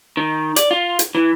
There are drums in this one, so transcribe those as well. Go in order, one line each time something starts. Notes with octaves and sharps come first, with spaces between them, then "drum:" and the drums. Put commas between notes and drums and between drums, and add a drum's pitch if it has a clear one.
D#3
D5, drum: hi-hat
F4
drum: hi-hat
E3